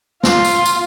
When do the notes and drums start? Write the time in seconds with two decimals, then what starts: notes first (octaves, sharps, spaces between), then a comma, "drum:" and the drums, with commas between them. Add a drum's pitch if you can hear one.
0.23 F4 C6, drum: snare
0.45 drum: tambourine
0.66 drum: tambourine